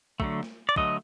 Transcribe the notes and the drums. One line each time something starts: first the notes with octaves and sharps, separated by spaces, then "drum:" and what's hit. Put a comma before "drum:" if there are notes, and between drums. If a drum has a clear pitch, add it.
D3 F#3 A3, drum: kick
drum: snare
D5
D3 F#3 A3 D#5, drum: kick